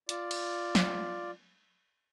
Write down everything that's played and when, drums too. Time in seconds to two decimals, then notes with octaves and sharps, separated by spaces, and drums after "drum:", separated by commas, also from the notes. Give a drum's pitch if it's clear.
0.09 F4 D5, drum: hi-hat
0.31 drum: cymbal
0.75 drum: snare